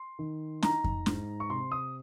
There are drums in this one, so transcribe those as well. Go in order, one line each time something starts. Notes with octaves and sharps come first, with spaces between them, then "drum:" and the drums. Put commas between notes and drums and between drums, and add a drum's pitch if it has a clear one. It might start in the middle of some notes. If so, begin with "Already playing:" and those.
Already playing: C6
D#3
D#4 A#5, drum: snare
drum: kick F2
G#2, drum: snare
C#6
C3 C6
D#6